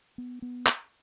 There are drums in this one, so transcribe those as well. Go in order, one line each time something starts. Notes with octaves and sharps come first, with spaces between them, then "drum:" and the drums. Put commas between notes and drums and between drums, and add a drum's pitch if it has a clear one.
B3
B3
drum: clap